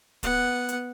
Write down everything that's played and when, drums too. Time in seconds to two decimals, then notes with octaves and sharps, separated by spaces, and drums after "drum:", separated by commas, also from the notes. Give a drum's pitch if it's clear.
0.23 B3 F#5, drum: kick, hi-hat
0.69 drum: hi-hat